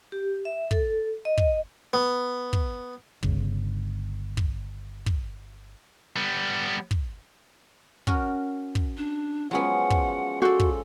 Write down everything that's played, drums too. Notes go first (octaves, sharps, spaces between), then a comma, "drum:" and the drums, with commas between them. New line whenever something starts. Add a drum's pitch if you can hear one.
G4
E5
A4, drum: kick
D#5
drum: kick
B3
drum: kick
G1 C#3, drum: kick
drum: kick
drum: kick
G3 B3
drum: kick
C#4 F#4 A#4, drum: kick
drum: kick
D4
F3 F#3 G#3 B3 C#4 F#5
drum: kick
F#4 A4 C5 D5
drum: kick